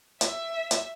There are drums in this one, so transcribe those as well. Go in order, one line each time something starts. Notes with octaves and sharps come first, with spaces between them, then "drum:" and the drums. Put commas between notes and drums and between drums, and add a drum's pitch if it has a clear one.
E5, drum: hi-hat
drum: hi-hat